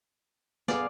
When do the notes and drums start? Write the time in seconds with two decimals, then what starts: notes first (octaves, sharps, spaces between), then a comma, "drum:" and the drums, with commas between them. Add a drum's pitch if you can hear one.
0.68 B3 G#4 D5 F5, drum: snare